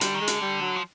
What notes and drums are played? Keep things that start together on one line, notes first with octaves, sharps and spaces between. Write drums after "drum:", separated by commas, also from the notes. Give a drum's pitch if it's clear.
D3 G3, drum: hi-hat
D#3
G#3
D3, drum: hi-hat
G3
F#3
F3